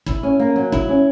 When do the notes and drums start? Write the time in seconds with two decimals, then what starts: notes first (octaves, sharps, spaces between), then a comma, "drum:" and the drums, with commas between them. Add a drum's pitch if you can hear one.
0.06 E4, drum: kick
0.23 C#4
0.39 A#3
0.56 F#3
0.72 E4, drum: kick
0.89 C#4